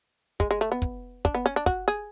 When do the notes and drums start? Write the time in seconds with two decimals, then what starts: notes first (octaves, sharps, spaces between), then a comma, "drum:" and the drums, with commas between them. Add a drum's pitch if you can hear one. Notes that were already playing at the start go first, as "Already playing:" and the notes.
0.40 G#3, drum: kick, hi-hat
0.51 G#3
0.61 A3
0.72 B3
0.82 drum: kick, hi-hat
1.25 D4, drum: kick, hi-hat
1.35 B3
1.46 C#4
1.56 D4
1.66 F#4, drum: kick, hi-hat
1.88 G#4